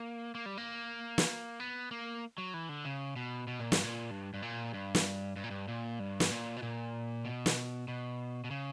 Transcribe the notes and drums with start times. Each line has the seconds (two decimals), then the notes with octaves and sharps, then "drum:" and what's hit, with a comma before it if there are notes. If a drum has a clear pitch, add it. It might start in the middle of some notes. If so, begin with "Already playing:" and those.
Already playing: A#3
0.35 A#3
0.46 G3
0.57 A#3
1.18 drum: snare
1.60 B3
1.91 A#3
2.38 F#3
2.54 E3
2.69 D3
2.85 C#3
3.16 B2
3.47 B2
3.60 A#2
3.72 G2, drum: snare
3.84 A#2
4.11 G2
4.34 G2
4.42 A#2
4.74 G2
4.95 drum: snare
5.36 G2
5.44 A#2
5.51 G2
5.68 A#2
5.99 G2
6.20 drum: snare
6.31 A#2
6.57 B2
6.62 A#2
7.25 B2
7.46 drum: snare
7.88 B2
8.44 B2
8.51 C#3